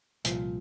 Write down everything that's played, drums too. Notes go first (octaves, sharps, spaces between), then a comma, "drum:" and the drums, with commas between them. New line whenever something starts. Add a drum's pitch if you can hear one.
C2 A#2 F3, drum: hi-hat